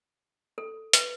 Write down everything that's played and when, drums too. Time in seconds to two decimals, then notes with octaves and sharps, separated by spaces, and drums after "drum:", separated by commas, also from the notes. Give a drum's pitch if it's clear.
0.58 A4
0.93 B4, drum: hi-hat